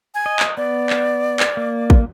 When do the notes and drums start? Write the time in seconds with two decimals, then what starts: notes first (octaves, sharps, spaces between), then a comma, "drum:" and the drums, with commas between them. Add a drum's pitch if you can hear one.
0.15 G#5
0.26 D#5
0.40 drum: clap
0.57 B3 D5
0.90 drum: clap
1.40 drum: clap
1.57 A#3
1.90 drum: kick